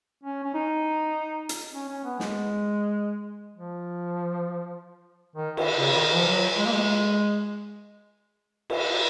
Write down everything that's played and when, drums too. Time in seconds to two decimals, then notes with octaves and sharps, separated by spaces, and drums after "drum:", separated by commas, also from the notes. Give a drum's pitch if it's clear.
0.24 C#4
0.44 C#4
0.54 D#4
1.49 drum: hi-hat
1.75 C#4
1.89 C#4
2.05 B3
2.20 G#3, drum: snare
3.56 F3
5.36 D#3
5.57 D#3, drum: cymbal
5.77 C#3
5.93 C#3
5.97 D#3
6.15 F3
6.27 F#3
6.57 G#3
6.66 A#3
6.74 G#3
8.70 drum: cymbal